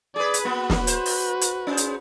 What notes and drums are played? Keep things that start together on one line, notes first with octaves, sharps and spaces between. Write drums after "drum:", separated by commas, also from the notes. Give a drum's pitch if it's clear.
G#4 B4 D5
drum: hi-hat
A#3 B3 F#4 B4
drum: snare
C5, drum: hi-hat
drum: open hi-hat
drum: hi-hat
C#4 G#4 C5
drum: hi-hat